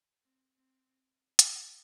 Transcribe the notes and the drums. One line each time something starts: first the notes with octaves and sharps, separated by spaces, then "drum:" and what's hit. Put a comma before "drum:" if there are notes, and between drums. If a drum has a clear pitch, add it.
C4
C4
drum: hi-hat